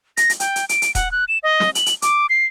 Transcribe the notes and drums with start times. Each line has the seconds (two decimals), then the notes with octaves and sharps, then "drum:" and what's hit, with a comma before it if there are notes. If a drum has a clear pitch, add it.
0.17 A#6, drum: hi-hat
0.30 drum: hi-hat
0.40 G5, drum: hi-hat
0.56 drum: hi-hat
0.69 D7, drum: hi-hat
0.82 drum: hi-hat
0.95 F#5, drum: kick D#1, hi-hat
1.12 F#6
1.28 E7
1.43 D#5
1.60 drum: snare
1.75 F#7, drum: hi-hat
1.86 drum: hi-hat
2.02 D6, drum: hi-hat
2.30 C7